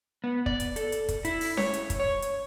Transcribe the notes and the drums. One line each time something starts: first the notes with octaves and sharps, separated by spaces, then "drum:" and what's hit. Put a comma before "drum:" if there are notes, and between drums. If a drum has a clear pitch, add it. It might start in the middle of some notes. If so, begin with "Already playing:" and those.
B3
D5, drum: kick
drum: hi-hat
A4, drum: hi-hat
drum: hi-hat
drum: kick, hi-hat
E4, drum: hi-hat
drum: open hi-hat
C#5, drum: snare C#4
drum: hi-hat
drum: kick, hi-hat
C#5
drum: hi-hat